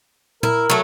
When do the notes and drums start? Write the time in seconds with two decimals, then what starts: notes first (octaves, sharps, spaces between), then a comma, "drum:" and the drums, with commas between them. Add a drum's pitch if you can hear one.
0.43 E4 A#4, drum: tom A#2
0.70 F#3 A3